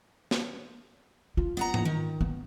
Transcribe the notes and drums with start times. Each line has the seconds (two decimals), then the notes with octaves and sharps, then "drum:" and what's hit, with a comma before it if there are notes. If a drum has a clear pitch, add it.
0.31 drum: snare
1.37 F4
1.57 B3 F#5 A#5
1.74 drum: tom G#2
1.85 D#3
2.21 B3